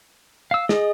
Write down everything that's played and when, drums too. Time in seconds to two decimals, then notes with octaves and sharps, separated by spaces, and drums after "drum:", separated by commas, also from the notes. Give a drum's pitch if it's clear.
0.51 F5 E6
0.69 G#4 D#5, drum: snare